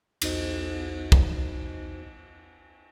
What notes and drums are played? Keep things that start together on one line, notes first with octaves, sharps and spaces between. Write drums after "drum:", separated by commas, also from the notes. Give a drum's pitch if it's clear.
B1 E2 D#4 F#4 C5 D#5, drum: cymbal
drum: kick